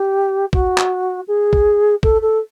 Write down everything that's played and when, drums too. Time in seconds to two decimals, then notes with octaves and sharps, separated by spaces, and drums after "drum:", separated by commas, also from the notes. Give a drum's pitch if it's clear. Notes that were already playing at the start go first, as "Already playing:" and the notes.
Already playing: G4
0.53 F#4, drum: kick
0.78 drum: clap
1.27 G#4
1.53 drum: kick
2.03 A4, drum: kick
2.21 A4